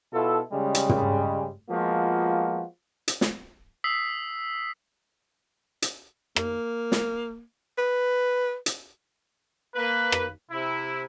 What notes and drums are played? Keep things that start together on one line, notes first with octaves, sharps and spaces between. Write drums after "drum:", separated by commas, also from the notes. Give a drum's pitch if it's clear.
B2 E4 F4 A4
C#3 G3 G#3
drum: hi-hat
drum: tom
F3 G#3 A#3 B3 F4 F#4
drum: hi-hat
drum: snare
D#6 E6 B6 C7
drum: hi-hat
A#3, drum: rim click
drum: snare
B4
drum: hi-hat
A#3 B4
drum: rim click
C3 E4